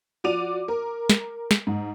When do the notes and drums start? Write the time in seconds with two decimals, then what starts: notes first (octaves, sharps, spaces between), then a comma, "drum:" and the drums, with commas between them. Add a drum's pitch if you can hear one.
0.24 F3 F#4 D5 D6 D#7 F7
0.68 A#4
1.10 drum: snare
1.51 drum: snare
1.67 G#2